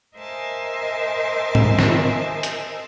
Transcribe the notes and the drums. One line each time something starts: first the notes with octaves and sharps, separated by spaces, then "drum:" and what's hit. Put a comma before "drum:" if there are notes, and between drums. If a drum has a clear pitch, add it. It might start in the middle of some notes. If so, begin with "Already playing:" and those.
A#4 C5 D#5 E5 G#5 A5
drum: tom
drum: snare
drum: hi-hat